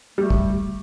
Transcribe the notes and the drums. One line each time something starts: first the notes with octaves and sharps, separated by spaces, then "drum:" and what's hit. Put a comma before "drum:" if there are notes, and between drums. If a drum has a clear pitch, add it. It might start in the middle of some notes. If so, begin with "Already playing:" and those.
G3 A3
drum: kick